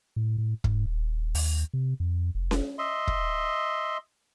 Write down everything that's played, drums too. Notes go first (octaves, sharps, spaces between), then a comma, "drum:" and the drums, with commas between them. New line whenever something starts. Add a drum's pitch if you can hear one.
A2
A2
G#2, drum: kick
D#1
D#2, drum: open hi-hat
C3
F2
F1
drum: snare C#4
D#5 E5 C6
drum: kick